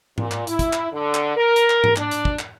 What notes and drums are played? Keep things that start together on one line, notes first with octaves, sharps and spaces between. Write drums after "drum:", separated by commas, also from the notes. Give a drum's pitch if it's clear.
A#2, drum: tom G#2
drum: clap
E4, drum: hi-hat
drum: kick, hi-hat
drum: clap
D3
drum: clap
A#4
drum: hi-hat
drum: clap
drum: tom G#2
D4, drum: clap
drum: hi-hat
drum: kick
drum: clap